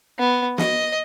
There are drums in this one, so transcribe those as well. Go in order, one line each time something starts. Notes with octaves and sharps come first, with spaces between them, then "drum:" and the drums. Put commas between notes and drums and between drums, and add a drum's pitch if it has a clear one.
B3
D#5, drum: snare